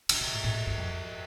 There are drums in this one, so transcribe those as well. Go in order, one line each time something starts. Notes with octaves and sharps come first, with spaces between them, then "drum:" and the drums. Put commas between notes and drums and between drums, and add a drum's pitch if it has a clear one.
D3, drum: cymbal
C3
A2
A2
C3
G2
F2